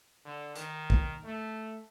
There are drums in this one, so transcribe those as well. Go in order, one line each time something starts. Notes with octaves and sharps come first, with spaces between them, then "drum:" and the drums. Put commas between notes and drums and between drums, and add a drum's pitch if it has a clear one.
D3
D#3, drum: hi-hat
drum: kick
A3